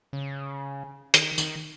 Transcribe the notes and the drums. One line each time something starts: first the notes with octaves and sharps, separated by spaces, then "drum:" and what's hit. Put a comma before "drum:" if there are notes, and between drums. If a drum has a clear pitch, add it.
C#3
D#3, drum: hi-hat
D#3, drum: tambourine